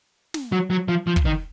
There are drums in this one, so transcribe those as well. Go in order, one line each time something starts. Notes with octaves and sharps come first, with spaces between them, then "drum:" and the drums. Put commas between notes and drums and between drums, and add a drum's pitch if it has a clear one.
drum: snare
F#3
F#3
F3
F3
drum: kick
D#3